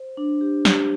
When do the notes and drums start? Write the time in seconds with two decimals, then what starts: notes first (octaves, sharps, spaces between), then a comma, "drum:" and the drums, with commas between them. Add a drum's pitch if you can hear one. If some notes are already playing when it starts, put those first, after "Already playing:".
Already playing: C5
0.17 D4
0.41 G4
0.65 G4, drum: snare